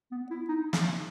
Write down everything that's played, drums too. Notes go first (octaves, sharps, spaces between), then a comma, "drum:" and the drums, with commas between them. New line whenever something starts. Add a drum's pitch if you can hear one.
B3
E4
D#4
drum: snare